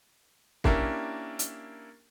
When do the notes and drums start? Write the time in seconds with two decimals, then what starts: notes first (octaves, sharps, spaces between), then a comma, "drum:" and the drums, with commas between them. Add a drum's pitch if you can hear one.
0.64 A#3 C#4 D4 E4 G4 A#4, drum: kick
1.39 drum: hi-hat